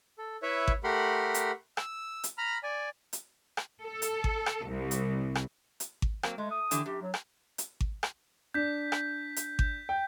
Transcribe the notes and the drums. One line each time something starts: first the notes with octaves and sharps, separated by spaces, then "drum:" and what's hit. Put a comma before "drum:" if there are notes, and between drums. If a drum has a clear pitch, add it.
A4
E4 B4 C#5 E5
drum: kick G#1
A3 G4 A#4 F#5 B5 C6
drum: hi-hat
E6, drum: rim click
drum: hi-hat
A#5 B5 F6
D5 G#5
drum: hi-hat
drum: rim click
A4
drum: hi-hat
drum: kick G#1
drum: rim click
C2
drum: hi-hat
drum: rim click
drum: hi-hat
drum: kick G#1
F#3 A#3 C4, drum: rim click
G#3 A3
D#6
D3 E3 G4, drum: hi-hat
F#2 G4
F#3
drum: rim click
drum: hi-hat
drum: kick G#1
drum: rim click
D4 G6 B6
drum: rim click
drum: hi-hat
G6, drum: kick G#1
G5